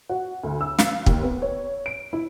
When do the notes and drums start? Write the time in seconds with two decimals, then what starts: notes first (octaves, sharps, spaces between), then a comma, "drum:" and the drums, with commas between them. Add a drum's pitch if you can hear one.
0.09 F#4
0.43 D2
0.61 E6
0.78 F5, drum: snare
1.06 D#2, drum: kick
1.23 B3
1.42 C#5
1.86 D7
2.13 E4